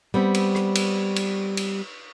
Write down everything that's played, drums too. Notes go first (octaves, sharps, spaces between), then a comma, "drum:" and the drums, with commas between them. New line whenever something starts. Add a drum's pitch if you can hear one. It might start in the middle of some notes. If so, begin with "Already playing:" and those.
G3 B3 C4
drum: cymbal
drum: rim click
drum: cymbal
drum: cymbal
drum: cymbal